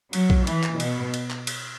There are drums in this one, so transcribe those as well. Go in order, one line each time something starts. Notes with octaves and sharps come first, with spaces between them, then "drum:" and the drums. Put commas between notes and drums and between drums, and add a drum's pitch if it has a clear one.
F#3, drum: cymbal
drum: kick A#1
E3, drum: cymbal
drum: clap
B2, drum: cymbal
drum: cymbal
drum: clap
drum: cymbal